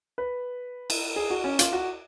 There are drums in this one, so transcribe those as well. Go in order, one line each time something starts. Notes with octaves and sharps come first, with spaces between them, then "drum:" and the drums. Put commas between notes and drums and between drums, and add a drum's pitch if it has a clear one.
B4
drum: cymbal
G#4
F#4
C#4
F4, drum: hi-hat
F#4